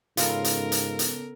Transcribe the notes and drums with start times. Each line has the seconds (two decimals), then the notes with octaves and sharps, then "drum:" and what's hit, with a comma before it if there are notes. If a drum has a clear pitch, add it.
0.17 G#2 C#3 B3 F4 A4 A#4, drum: hi-hat
0.44 drum: hi-hat
0.72 drum: hi-hat
0.99 drum: hi-hat